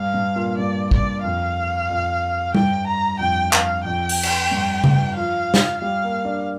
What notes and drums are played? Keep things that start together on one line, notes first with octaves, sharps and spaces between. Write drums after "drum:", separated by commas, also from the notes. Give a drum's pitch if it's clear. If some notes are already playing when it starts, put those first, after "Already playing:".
Already playing: G2 F5
G2
A#2
G2 D5
D5, drum: kick A1
F2 F5
F2
G2 G5, drum: tom
A#5
F2 G5
F5, drum: clap
F2 G5
drum: open hi-hat
drum: cymbal
G2
G2, drum: tom C#3
F3 F5
drum: snare
G3 F5
A#3
D4